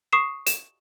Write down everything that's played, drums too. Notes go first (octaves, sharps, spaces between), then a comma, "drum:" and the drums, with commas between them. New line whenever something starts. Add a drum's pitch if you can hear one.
C#6 D#6 C7 E7
E7, drum: hi-hat